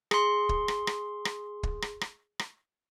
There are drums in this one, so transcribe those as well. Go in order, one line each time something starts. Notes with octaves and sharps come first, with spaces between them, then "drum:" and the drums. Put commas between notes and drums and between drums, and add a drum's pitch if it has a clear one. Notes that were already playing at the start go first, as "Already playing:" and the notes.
G#4 C6, drum: rim click
drum: kick
drum: rim click
drum: rim click
drum: rim click
drum: kick
drum: rim click
drum: rim click
drum: rim click